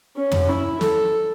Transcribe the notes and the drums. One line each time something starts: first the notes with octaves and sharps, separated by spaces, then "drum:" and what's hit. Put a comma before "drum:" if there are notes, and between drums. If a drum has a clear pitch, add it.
C#4
drum: tom
E4
A4, drum: snare